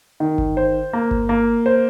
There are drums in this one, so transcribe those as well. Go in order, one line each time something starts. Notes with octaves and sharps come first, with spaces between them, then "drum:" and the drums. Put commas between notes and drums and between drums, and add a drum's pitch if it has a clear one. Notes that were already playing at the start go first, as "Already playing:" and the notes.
D#3
drum: kick G1
C5
A#3
drum: kick G1
A#3
C5